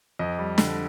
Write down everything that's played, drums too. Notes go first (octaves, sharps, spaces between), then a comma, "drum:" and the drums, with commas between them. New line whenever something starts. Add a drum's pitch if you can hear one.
F2 D#5
G3
D3, drum: snare